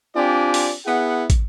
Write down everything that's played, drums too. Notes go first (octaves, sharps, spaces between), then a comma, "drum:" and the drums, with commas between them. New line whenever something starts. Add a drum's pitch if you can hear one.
C4 D4 F4 G4 D5 G#5
drum: open hi-hat
B3 E4 G#4 F#5
drum: kick, hi-hat